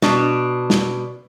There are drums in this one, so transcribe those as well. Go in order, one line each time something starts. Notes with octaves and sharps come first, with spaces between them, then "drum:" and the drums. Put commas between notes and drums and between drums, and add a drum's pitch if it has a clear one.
B2 D4, drum: snare
drum: snare